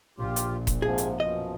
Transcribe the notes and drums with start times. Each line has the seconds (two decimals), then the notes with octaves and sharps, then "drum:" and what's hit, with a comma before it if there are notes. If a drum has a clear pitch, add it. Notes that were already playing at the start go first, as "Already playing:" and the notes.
0.19 A#1 A#2 F4 G4
0.36 drum: hi-hat
0.67 drum: kick E1, hi-hat
0.82 G#2 C3 F3 G#4
0.98 drum: hi-hat
1.20 F#2 B2 F3 D#5